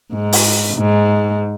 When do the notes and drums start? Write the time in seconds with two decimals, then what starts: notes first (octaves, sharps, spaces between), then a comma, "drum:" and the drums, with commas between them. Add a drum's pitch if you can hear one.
0.13 G#2
0.33 drum: open hi-hat
0.77 G#2